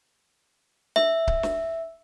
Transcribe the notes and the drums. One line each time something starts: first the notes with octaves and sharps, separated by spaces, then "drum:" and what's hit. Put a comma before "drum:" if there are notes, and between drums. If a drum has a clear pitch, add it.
E5, drum: snare
drum: kick C#1
drum: snare